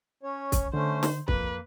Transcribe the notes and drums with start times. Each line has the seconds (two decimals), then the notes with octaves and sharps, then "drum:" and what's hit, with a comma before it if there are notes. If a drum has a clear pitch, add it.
0.23 C#4 C#5
0.52 drum: kick, hi-hat
0.74 D3 A3 C#4 C5
1.03 drum: snare
1.28 F2 A#3 B4, drum: kick